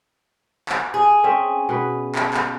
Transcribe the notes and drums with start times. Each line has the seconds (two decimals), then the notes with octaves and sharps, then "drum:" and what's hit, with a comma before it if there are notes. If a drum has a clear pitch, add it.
0.69 drum: clap
0.94 G#4
1.24 C4 C#4 E5
1.69 B2 B4
2.15 drum: clap
2.34 drum: clap